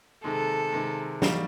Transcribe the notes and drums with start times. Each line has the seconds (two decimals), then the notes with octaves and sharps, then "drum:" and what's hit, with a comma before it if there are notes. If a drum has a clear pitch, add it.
0.24 C3 D#3 G#3 A4
0.73 C3 D#3 G#3
1.22 G3 A#3 D#4 F#4, drum: snare